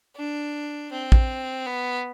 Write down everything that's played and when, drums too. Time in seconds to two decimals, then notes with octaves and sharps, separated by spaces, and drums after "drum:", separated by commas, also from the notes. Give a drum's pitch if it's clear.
0.16 D4
0.92 C4
1.12 drum: kick
1.66 B3